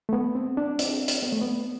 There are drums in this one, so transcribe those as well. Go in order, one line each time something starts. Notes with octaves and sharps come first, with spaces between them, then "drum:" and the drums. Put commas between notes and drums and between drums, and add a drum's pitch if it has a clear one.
A3
B3
C4
D4
C4, drum: hi-hat
drum: hi-hat
B3
A3
B3